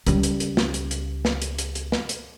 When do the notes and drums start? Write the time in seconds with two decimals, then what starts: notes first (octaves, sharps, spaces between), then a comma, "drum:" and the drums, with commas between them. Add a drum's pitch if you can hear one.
0.06 C#2 G3, drum: hi-hat
0.23 drum: hi-hat
0.40 drum: hi-hat
0.57 drum: snare
0.74 drum: hi-hat
0.91 drum: hi-hat
1.25 drum: snare
1.42 drum: hi-hat
1.58 drum: hi-hat
1.75 drum: hi-hat
1.92 drum: snare
2.09 drum: hi-hat